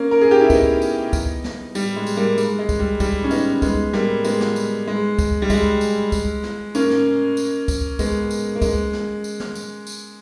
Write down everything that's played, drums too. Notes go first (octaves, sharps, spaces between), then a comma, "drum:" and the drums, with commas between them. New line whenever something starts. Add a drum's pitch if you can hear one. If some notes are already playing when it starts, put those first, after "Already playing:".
Already playing: A#3 C#4
A#4
G#4
G4
E4
B3 D#4, drum: kick, tambourine
drum: tambourine
drum: kick, tambourine
drum: snare
G3, drum: tambourine
G#3
drum: tambourine
G3 A#3
G#3, drum: tambourine
G#3
drum: kick, tambourine
G3
G3, drum: kick, tambourine
C#4
B3 D#4, drum: tambourine
G#3 B3, drum: kick, tambourine
G3 A#3, drum: snare
G#3 B3, drum: tambourine
drum: snare
drum: tambourine
G#3
drum: kick, tambourine
G3
G#3, drum: kick, tambourine
drum: tambourine
drum: kick, tambourine
drum: snare
A#3 C#4, drum: tambourine
drum: snare
drum: tambourine
drum: kick, tambourine
G#3 B3, drum: kick, tambourine
drum: tambourine
A#3
G#3, drum: kick, tambourine
drum: snare
drum: tambourine
drum: snare
drum: tambourine
drum: tambourine